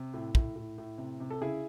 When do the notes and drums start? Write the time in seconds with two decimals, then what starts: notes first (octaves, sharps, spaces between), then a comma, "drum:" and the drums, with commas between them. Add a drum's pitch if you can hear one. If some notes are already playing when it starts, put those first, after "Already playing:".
Already playing: C3
0.14 A2
0.35 A2, drum: kick
0.56 A2
0.78 A2
0.98 C3
1.20 C3
1.31 A4
1.41 C#3 E4 G#4